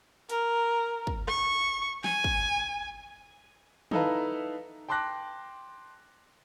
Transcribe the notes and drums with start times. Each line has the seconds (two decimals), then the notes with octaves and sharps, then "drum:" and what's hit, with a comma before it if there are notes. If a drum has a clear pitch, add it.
0.29 A#4, drum: hi-hat
1.07 drum: kick
1.28 C#6, drum: rim click
2.04 G#5, drum: snare
2.24 drum: kick
3.91 D#4 E4 A4 B4 F5 A#5, drum: tom
4.88 G5 A5 C6 D6 F#6 A#6